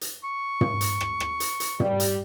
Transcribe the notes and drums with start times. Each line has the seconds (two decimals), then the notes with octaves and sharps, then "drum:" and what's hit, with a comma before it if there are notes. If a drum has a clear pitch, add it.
0.01 drum: hi-hat
0.24 C#6
0.61 drum: tom
0.81 drum: hi-hat
1.00 drum: rim click
1.20 drum: rim click
1.40 drum: hi-hat
1.60 drum: hi-hat
1.80 G3, drum: tom
2.00 drum: hi-hat